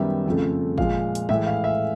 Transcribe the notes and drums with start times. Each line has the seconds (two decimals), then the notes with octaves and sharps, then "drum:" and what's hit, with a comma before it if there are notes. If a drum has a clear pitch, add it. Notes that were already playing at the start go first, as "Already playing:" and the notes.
Already playing: F#2 D#3 G3 B3 E5
0.26 F2 C#3 F3 A3
0.78 A#2 F3 G#3 F5, drum: kick
1.15 drum: hi-hat
1.29 A2 E3 G#3 E5, drum: tom
1.47 F5
1.64 E5